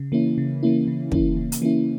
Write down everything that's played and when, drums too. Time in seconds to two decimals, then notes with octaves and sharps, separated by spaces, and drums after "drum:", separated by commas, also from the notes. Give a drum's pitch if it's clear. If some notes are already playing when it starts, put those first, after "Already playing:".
Already playing: C#3
0.12 E3 A#3 C#4 E4
0.38 C#3
0.63 E3 A#3 C#4 E4
0.88 C#3
1.12 E3 A#3 C#4 E4, drum: kick
1.37 C#3
1.52 drum: hi-hat
1.62 E3 A#3 C#4 E4